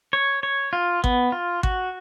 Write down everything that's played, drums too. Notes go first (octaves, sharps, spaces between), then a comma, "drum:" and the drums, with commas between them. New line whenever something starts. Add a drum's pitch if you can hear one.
C#5
C#5
F4
B3, drum: kick G#1
F4
F#4, drum: kick G#1